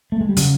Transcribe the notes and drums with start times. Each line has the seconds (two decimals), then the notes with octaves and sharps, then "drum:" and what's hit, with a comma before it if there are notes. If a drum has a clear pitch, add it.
0.12 A3
0.21 G#3
0.29 G3
0.37 C#3 F#3, drum: hi-hat